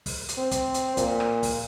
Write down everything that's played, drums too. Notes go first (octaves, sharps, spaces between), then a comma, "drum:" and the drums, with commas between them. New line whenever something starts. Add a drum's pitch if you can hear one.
drum: kick, open hi-hat
drum: hi-hat
C4
drum: kick, hi-hat
drum: hi-hat
A#2, drum: kick, hi-hat
drum: rim click
drum: kick, open hi-hat